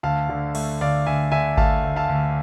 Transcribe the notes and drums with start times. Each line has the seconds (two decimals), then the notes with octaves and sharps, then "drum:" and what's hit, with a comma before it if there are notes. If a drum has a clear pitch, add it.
0.03 D2 F5 A5
0.29 D3
0.55 A3, drum: cymbal
0.81 D2 D5 F5
1.06 D2 E5 G#5
1.32 D3 E5 G#5
1.57 A3 F5 A5, drum: kick G#1
1.83 D2
1.96 F5 A5
2.09 D2